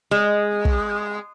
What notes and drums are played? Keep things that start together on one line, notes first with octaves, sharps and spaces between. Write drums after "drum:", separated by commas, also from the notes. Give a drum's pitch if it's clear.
G#3
drum: kick